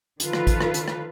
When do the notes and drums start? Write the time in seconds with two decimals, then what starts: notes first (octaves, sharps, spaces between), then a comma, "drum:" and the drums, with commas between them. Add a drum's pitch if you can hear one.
0.20 D3 D#3 F3 F4 A4 B4, drum: hi-hat
0.33 drum: rim click
0.47 drum: kick, hi-hat
0.61 drum: rim click
0.74 drum: hi-hat
0.88 drum: rim click